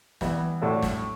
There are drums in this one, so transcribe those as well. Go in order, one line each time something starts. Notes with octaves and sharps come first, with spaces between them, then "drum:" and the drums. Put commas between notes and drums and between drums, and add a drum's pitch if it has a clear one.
E3 G3 B3, drum: snare
A2 G3 D4 F#4 A4
drum: snare